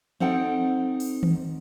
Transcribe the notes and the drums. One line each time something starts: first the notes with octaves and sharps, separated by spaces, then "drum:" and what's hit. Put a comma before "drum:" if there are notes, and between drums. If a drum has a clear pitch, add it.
C4 D#4 A4 F#5 G5
drum: open hi-hat
drum: tom D#3